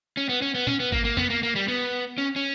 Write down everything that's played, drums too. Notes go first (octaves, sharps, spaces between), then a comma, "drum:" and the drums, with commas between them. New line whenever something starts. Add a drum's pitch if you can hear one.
C#4
B3
C#4
B3
C#4, drum: tom A#2
B3
A#3, drum: kick
A#3
B3, drum: tom F2
A#3
A#3
G3
B3
C#4
C#4